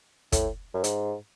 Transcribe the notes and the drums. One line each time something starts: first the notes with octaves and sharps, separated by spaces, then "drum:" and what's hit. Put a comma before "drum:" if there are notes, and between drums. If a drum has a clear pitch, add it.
A2, drum: kick, hi-hat
F#2
G#2, drum: hi-hat